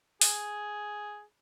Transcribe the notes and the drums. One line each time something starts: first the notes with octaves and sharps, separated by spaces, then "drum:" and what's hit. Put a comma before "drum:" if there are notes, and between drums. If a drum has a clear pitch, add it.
G#4, drum: open hi-hat